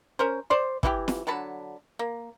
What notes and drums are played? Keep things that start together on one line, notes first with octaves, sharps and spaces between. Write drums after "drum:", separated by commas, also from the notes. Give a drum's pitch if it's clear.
C#4 A#4 C5
C5 D5 C6
E3 E4 F#4 G4, drum: kick
drum: snare
D3 F#3 A5 B5
A#3